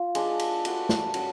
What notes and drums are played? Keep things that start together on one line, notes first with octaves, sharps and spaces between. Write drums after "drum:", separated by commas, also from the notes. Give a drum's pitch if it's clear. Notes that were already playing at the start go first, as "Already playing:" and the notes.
Already playing: F4
G#3 D4 G#4 D5, drum: cymbal
drum: cymbal
A3 D4 F#4 B4, drum: cymbal
drum: snare
C#4 F#4 C#5, drum: cymbal